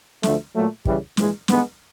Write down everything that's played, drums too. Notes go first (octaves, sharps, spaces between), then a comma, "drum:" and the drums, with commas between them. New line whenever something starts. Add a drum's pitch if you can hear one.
D2 D3 F3 A3, drum: snare
A#2 F#3 A3
C#3 E3 G3, drum: kick
A#1 G#2 E3 G#3, drum: snare
G2 D#3 G#3 B3, drum: snare